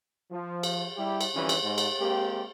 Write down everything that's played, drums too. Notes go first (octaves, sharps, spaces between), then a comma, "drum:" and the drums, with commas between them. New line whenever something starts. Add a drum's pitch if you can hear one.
F3
drum: cymbal
G3 E4 G4
drum: cymbal
D3 E3 F3 G3 C4 C#4
drum: cymbal
G#2
drum: cymbal
G#3 A#3 C4 G4